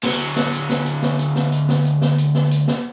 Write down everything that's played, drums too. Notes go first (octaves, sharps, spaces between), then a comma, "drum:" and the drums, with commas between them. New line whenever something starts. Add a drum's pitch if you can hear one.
D2 F#3, drum: snare
drum: hi-hat
drum: snare
drum: hi-hat
drum: snare
drum: hi-hat
drum: snare
drum: hi-hat
drum: snare
drum: hi-hat
drum: snare
drum: hi-hat
drum: snare
drum: hi-hat
drum: snare
drum: hi-hat
drum: snare